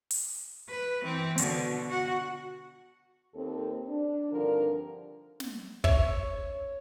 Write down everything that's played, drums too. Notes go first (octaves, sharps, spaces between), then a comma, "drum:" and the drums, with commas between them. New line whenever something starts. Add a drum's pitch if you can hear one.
drum: open hi-hat
B4
E3 C4
B2 D3, drum: hi-hat
F#4 F#5
D#2 C4 A4
D4
G2 D3 D#3 F3 C4 A#4
drum: snare
C#5 E5, drum: kick